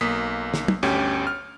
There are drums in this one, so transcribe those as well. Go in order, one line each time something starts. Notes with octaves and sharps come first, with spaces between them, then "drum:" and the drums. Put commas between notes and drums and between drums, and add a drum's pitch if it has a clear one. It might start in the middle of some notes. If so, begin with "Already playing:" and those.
B1 A#3 D#6 B6
drum: snare
drum: tom
G1 D2 C#4 G4
F6